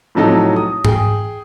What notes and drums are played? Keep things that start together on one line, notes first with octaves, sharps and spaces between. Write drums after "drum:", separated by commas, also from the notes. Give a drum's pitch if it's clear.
A2 C3 F3 F#3 D#4 A4
D#6
G#4 G5, drum: tom G#2